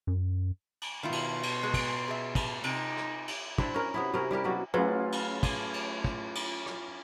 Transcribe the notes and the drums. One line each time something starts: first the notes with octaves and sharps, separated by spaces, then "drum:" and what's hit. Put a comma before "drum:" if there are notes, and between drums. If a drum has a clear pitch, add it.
F#2
drum: cymbal
B2 D#3 E4 F4 C6
drum: cymbal
drum: cymbal
G#3 G#4
drum: kick, cymbal
G#4 E5
drum: kick, cymbal
C3 D#4, drum: cymbal
drum: rim click
drum: cymbal
C4 D4 E4 A4, drum: kick
C#4 A#4
C3 B3 E4
C3 C#4 A#4
G3 E4 G4 A#4
B2 F#3 A#3 F#4
F#3 A3 C#4 E4 F4 G#4 B4
drum: cymbal
drum: kick, cymbal
drum: cymbal
drum: kick
drum: cymbal
drum: rim click